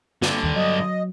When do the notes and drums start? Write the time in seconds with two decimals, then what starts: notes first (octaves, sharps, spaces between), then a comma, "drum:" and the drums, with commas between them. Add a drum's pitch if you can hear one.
0.22 G2 D3, drum: snare
0.43 D#2 D#3
0.56 F#3 D#5